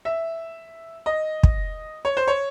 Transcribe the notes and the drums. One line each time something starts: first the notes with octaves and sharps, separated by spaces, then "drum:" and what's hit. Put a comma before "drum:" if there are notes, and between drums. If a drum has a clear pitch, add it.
E5
D#5
drum: kick
C#5
C5
C#5